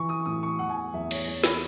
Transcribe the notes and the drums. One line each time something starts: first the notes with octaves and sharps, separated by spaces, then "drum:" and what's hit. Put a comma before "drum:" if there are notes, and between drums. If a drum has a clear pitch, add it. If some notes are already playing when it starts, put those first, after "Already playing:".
Already playing: E3 C#6
D#6
A2 D#6
C#6
E2 F#5
G#5
F#5
E2 E5
C#5, drum: cymbal
E2 C#5
B5, drum: snare